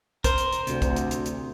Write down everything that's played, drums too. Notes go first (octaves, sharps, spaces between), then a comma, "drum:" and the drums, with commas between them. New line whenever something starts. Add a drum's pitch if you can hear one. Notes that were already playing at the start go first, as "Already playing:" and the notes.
A#4 C5, drum: kick, hi-hat
drum: hi-hat
drum: hi-hat
D2 C3, drum: hi-hat
drum: kick, hi-hat
drum: hi-hat
drum: hi-hat
drum: hi-hat